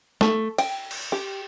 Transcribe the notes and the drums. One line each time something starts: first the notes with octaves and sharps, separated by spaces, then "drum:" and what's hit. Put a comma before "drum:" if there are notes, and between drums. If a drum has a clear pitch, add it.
A3, drum: snare
G5, drum: cymbal
drum: cymbal
G4